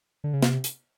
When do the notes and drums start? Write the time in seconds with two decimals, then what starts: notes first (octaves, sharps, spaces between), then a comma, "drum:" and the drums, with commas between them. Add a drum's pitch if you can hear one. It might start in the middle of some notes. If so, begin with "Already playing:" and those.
0.24 D3
0.33 C#3
0.42 C3, drum: snare
0.64 drum: hi-hat